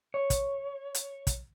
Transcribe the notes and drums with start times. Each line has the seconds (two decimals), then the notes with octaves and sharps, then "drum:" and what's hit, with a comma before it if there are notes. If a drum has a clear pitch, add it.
0.14 C#5
0.30 drum: kick, hi-hat
0.95 drum: hi-hat
1.27 drum: kick, hi-hat